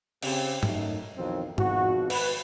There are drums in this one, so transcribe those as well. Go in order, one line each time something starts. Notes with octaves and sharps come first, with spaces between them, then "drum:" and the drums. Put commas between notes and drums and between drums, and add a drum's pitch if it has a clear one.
C#3 C4 G4, drum: cymbal
F#2 A3 D#4, drum: tom G#2
B1 F2 D#3 E3 F#3 C4
G#1 B2 F3 F#4, drum: tom G#2
B4, drum: cymbal